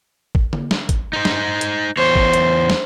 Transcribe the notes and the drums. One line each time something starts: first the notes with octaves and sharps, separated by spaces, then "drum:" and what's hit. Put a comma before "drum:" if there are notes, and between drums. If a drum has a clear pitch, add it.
drum: kick
drum: tom D3
drum: snare
drum: kick, hi-hat
D#4 C5
drum: snare
drum: hi-hat
E2 C5 C#5
drum: kick
drum: hi-hat
drum: snare